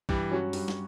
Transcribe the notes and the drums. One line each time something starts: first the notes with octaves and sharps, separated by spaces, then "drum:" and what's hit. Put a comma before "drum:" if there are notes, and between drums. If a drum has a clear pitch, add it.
G2 E3 G3, drum: kick
F#3 C#4 F#4
G2, drum: open hi-hat
drum: snare